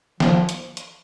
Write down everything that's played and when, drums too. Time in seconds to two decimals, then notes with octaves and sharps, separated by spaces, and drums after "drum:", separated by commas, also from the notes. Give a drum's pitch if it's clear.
0.20 F3, drum: snare
0.49 drum: hi-hat
0.77 drum: hi-hat